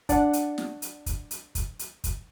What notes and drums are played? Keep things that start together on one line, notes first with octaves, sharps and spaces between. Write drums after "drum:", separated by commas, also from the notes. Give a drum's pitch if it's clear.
D4 D5 F#5, drum: kick, hi-hat
drum: hi-hat
drum: snare
drum: hi-hat
drum: kick, hi-hat
drum: hi-hat
drum: kick, hi-hat
drum: hi-hat
drum: kick, hi-hat